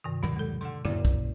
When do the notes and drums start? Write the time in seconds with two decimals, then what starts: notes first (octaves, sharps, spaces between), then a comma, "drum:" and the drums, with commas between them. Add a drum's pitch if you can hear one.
0.04 G2 C3 D#3
0.23 D#2 B2 F#3 G3
0.36 G#3 A4
0.61 D3 F#5 C6
0.85 F#2 A#2 D3 E4 D5
1.05 drum: kick